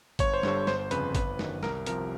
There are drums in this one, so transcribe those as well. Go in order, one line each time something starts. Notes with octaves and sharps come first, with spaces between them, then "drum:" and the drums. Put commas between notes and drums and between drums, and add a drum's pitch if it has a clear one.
G1 C#5, drum: kick G#1, hi-hat
C5
G2 D3 G3 C#5, drum: snare
G1 C5, drum: snare
F2 C#3 B4, drum: hi-hat
G1 B4, drum: kick G#1, hi-hat
F#2 D#3, drum: snare
C2 A#4, drum: snare
C3 F3 A#4, drum: hi-hat